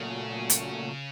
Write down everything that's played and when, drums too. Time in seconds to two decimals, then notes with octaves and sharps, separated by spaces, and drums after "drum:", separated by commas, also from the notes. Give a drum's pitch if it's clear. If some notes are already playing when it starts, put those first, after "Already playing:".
Already playing: A#2 C#3 F#3 A3
0.50 drum: hi-hat